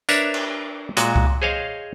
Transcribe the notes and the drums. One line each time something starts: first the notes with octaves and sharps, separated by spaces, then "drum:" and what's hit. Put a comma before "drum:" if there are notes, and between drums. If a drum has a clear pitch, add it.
D4 A#4 B4 C#5 D5 E5, drum: tambourine
drum: cymbal
A#2 G#3 F#4, drum: hi-hat
drum: kick C2
G#4 C5 C#5 D#5 F5